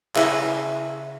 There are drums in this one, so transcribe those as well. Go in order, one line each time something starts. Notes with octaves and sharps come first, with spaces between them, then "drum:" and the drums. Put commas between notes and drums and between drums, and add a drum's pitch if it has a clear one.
C#3 E4 B4, drum: clap